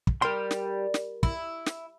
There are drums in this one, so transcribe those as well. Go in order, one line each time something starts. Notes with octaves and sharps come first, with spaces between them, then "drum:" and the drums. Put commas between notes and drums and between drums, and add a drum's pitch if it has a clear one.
drum: kick
G3 A#4 C6
drum: snare
drum: snare
E4, drum: kick
drum: snare